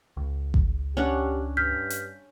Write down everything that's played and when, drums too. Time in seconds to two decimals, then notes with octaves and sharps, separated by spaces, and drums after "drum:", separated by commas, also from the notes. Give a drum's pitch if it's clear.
0.17 C#2
0.54 drum: kick G#1
0.97 C#4 D4 G4 F#5
1.57 G2 F6 G6 B6
1.90 drum: hi-hat